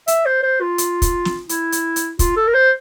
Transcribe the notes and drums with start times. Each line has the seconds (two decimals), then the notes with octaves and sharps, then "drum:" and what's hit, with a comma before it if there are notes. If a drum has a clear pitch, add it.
0.08 E5, drum: hi-hat
0.26 C5
0.43 C5
0.61 F4
0.78 drum: hi-hat
1.02 drum: kick, hi-hat
1.25 drum: snare
1.49 E4, drum: hi-hat
1.72 drum: hi-hat
1.96 drum: hi-hat
2.19 F4, drum: kick, hi-hat
2.37 A4
2.48 A#4
2.54 C5